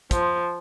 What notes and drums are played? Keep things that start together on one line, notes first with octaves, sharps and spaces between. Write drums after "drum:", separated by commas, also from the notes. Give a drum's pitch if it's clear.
F3, drum: kick, hi-hat